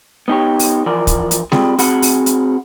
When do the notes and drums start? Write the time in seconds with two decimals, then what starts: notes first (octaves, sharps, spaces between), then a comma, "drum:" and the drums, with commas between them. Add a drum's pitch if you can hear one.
0.28 B3 D#4 G4 C#5
0.59 drum: open hi-hat
0.86 E3 F3 A#4 D5
1.07 drum: kick, hi-hat
1.31 drum: hi-hat
1.52 G3 C4 F4 G#4, drum: snare G#3
1.79 C4 F#4 G#4 F#5 B5, drum: open hi-hat
2.02 drum: open hi-hat
2.26 drum: hi-hat